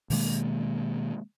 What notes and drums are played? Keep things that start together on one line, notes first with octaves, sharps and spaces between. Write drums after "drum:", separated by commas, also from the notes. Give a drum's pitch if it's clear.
B2 D#3 G#3 A#3, drum: open hi-hat